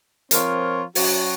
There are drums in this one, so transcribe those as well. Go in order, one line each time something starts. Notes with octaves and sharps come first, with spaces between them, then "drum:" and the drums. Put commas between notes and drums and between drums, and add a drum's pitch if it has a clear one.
F3 C4 F4 A#4 C#5, drum: hi-hat
F#3 C#4 F#4, drum: open hi-hat